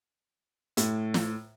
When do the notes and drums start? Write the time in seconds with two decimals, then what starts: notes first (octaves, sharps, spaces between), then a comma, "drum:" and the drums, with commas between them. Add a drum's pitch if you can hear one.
0.77 A2, drum: hi-hat
1.14 drum: snare